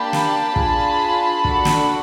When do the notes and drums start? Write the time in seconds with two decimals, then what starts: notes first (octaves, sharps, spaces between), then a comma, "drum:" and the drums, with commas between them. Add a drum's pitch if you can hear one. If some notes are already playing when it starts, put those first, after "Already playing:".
Already playing: A#3 D4 G4 A5 B5
0.13 drum: snare
0.56 D4 F4 G#4, drum: kick
1.45 D4 F#4 A4, drum: kick
1.65 drum: snare